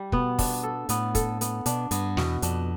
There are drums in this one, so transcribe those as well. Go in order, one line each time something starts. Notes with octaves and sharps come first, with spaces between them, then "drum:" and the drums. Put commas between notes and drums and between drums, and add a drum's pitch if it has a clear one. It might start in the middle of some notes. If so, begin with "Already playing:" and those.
Already playing: G3
B2 B3, drum: kick
D4, drum: kick, open hi-hat
A4
A2 B3, drum: hi-hat
A4, drum: kick, hi-hat
B3, drum: hi-hat
B2 D4, drum: hi-hat
G2 B3, drum: hi-hat
E2 B2, drum: snare
F2 D4, drum: hi-hat